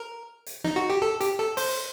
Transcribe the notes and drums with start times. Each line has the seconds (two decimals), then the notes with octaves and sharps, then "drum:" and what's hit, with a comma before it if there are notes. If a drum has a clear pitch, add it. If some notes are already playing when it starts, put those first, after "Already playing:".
Already playing: A#4
0.46 drum: hi-hat
0.64 D#4, drum: snare
0.76 F#4
0.90 G4
1.02 A4
1.21 G4, drum: hi-hat
1.39 A4
1.57 C5, drum: open hi-hat